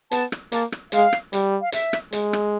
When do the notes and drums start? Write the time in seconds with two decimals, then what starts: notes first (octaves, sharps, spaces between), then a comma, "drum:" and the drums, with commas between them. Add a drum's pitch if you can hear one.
0.12 B3 A5, drum: hi-hat
0.32 drum: rim click
0.52 A#3 A5, drum: hi-hat
0.72 drum: rim click
0.92 G#3 F5, drum: hi-hat
1.13 drum: rim click
1.33 G3, drum: hi-hat
1.61 F5
1.72 E5, drum: hi-hat
1.93 drum: rim click
2.13 G#3, drum: hi-hat
2.33 drum: rim click